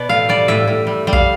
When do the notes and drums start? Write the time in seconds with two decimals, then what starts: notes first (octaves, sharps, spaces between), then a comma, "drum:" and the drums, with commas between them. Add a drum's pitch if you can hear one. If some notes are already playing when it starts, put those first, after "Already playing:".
Already playing: B2 D5
0.09 A2 F5
0.29 G3 D5
0.48 A2 E5
0.68 A2
0.87 G3
1.07 G3
1.13 F5, drum: kick